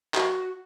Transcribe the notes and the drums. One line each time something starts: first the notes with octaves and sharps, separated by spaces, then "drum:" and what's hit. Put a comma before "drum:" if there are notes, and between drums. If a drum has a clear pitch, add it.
F#4, drum: clap